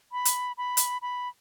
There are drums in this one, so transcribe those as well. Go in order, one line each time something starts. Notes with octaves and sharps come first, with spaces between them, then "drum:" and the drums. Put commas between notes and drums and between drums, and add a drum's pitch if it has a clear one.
B5
drum: hi-hat
B5
drum: hi-hat
B5